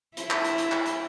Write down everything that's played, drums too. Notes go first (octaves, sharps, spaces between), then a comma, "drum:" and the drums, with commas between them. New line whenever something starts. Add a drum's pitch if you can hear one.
E4, drum: hi-hat
drum: clap
drum: hi-hat
drum: hi-hat
drum: clap
drum: hi-hat